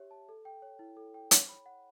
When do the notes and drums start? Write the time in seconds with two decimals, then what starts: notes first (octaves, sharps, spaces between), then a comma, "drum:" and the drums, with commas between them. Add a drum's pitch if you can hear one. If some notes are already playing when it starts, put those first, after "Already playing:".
Already playing: G4 C#5 E5
0.11 A5
0.29 A4
0.45 G5
0.62 C#5
0.79 E4
0.97 A4
1.14 G5
1.31 C#5, drum: hi-hat
1.49 B5
1.66 F#5